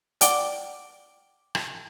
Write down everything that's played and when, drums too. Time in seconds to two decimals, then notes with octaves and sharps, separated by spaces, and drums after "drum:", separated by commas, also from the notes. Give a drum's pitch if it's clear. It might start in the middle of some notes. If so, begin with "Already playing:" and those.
0.21 D5 F#5 G5 D6 D7 G7, drum: hi-hat
1.55 drum: rim click